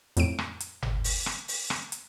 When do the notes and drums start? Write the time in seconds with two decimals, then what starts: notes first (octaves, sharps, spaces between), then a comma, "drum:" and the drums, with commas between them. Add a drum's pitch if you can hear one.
0.17 F2 A2 D7, drum: hi-hat
0.39 drum: rim click
0.60 drum: hi-hat
0.82 drum: tom G1
1.04 drum: open hi-hat
1.26 drum: rim click
1.48 drum: open hi-hat
1.70 drum: rim click
1.92 drum: hi-hat